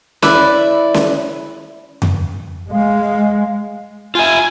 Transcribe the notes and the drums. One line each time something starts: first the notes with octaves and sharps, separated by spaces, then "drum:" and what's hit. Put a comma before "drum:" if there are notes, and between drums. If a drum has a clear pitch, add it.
E4 B4 D5 E5, drum: snare C#4
drum: snare C#4
drum: tom F2
G#3 F5
F4 E5 G#5